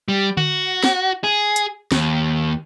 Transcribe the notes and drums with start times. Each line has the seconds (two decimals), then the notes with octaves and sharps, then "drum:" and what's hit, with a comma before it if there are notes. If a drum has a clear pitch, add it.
0.08 G3
0.37 F#4, drum: tom D3
0.84 drum: snare
1.24 G#4
1.56 drum: hi-hat
1.92 D#2, drum: snare